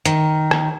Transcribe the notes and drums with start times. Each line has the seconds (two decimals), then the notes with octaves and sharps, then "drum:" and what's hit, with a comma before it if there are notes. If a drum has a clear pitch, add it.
0.05 D#3, drum: hi-hat
0.51 drum: rim click